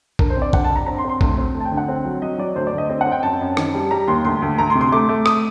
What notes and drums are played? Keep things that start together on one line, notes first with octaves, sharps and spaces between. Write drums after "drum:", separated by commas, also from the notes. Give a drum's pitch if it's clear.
D3 A#4, drum: kick
C5
C4 D5
D3 F#5, drum: kick
A5
G2
A#5
C4 A#5
C6
C4
C6
D2, drum: kick
C4 C6
D2
A5
G5
D3
F#5
C4
F#3
F#3 D#5
F#3 D5
D2 C5
D5
D2
D#5
C4 D#5
F#5
C4
G5
F#2 A5
F#2
D#3, drum: rim click
G3
G3 A#5
D#2 C6
D2 C6
D2
D2 A#5
C6
C3
C6
A3 D6
A3
D#6, drum: rim click